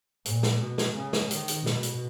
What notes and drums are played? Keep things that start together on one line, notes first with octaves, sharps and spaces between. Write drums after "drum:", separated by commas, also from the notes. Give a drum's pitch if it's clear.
A#2, drum: hi-hat
drum: snare
B2
drum: snare
C#3
drum: snare
D#3, drum: hi-hat
drum: hi-hat
B2, drum: snare
drum: hi-hat